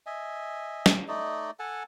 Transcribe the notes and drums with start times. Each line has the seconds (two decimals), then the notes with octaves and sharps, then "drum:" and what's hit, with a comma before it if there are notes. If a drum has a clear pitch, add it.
0.06 D#5 E5 G#5
0.86 drum: snare
1.08 A3 D#4 D5 D#5
1.59 A4 F#5 G#5 A5